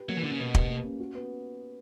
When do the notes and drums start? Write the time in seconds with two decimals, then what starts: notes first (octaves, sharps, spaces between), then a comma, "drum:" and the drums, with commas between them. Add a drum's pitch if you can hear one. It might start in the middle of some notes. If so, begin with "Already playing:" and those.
Already playing: G4 B4
0.09 F#3 A#3
0.17 E3
0.23 D3 C#4
0.32 C#3
0.39 B2 B4
0.55 G4, drum: kick
0.70 A#3
0.84 C#4
1.00 F#4
1.15 B3